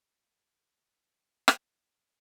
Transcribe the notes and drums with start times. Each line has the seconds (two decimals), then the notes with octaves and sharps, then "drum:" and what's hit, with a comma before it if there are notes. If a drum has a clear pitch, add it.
0.20 A#3 C#4 D4
1.48 drum: rim click
1.59 D#5 F#5 G5 A5